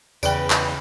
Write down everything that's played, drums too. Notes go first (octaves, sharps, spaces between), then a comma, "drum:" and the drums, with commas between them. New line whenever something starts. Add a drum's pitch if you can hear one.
E2 C#3 B4 D5 G5, drum: tambourine
drum: clap